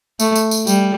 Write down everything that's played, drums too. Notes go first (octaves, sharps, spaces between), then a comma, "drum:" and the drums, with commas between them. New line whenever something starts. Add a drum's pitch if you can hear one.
A3, drum: tambourine
drum: tambourine
drum: tambourine
G3, drum: tambourine